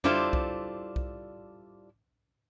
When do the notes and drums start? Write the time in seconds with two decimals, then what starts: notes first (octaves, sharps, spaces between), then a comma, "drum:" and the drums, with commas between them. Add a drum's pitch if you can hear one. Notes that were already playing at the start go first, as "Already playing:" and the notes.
0.04 G3 D4 E4 F4 A4 C5, drum: tom F2
0.33 drum: kick B1
0.96 drum: kick B1